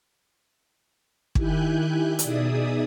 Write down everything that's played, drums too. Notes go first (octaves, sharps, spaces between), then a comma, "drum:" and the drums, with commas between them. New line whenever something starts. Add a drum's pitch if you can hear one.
D#3 E4 G4 G#5 F#6 G6, drum: kick
B2 D#4 G#4 D5 E5 D#6, drum: hi-hat